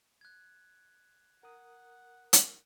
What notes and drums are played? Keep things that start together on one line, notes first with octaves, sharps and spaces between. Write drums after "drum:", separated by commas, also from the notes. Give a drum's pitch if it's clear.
F#6 G#6
A#4 F#5 D#6
drum: hi-hat